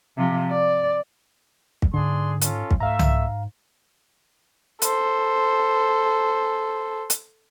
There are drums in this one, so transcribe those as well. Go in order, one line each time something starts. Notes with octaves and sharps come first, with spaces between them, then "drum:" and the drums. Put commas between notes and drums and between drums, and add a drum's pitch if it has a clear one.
C3 F3
D5
drum: kick
G#2 D3 D4 G#4 C6
C#4 F4 A4, drum: hi-hat
drum: kick
G#2 A3 E5 F5 A#5
drum: tom C2
A4 C5, drum: hi-hat
drum: hi-hat